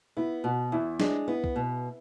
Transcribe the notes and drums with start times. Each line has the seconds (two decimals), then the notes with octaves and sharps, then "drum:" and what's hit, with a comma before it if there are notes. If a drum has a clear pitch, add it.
0.17 B3 E4
0.44 B2 F#4
0.72 E2 E4
1.00 G#3 D4, drum: snare
1.28 B3 E4
1.44 drum: kick
1.56 B2